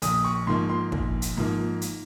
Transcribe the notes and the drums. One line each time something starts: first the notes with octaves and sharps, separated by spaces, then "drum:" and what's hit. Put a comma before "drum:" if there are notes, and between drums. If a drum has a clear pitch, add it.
A#1 D#6, drum: hi-hat
C#6
G#2 F3 A#3 C6
C6
A#1, drum: kick
drum: hi-hat
G#2 F3 A#3
drum: hi-hat